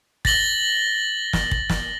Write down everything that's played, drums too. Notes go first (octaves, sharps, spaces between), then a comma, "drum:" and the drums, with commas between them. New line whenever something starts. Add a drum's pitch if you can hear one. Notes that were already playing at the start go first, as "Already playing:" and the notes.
A6 A#6 F#7 G7, drum: kick
drum: snare
drum: kick
drum: snare